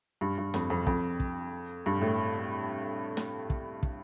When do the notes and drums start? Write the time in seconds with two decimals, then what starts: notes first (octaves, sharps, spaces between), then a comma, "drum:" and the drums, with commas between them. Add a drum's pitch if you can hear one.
0.21 G2
0.38 G2
0.54 F2, drum: snare
0.70 F2
0.87 F2, drum: kick
1.20 drum: kick
1.86 G2
2.01 A2
3.17 drum: snare
3.50 drum: kick
3.83 drum: kick